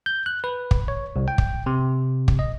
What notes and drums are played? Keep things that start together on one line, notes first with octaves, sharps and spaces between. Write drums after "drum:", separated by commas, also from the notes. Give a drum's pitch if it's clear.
G6
F#6
B4
drum: kick
C#5
C2
G5
drum: kick
C3
drum: kick
D#5